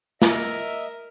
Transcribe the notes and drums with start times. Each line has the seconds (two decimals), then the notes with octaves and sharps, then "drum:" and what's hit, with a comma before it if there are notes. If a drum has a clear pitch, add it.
0.22 A#4 D#5 E5, drum: snare